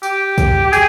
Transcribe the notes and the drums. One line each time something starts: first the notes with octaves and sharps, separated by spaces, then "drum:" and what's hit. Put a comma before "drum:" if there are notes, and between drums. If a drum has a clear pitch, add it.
G4, drum: tambourine
drum: kick, tambourine
G4
G#4, drum: tambourine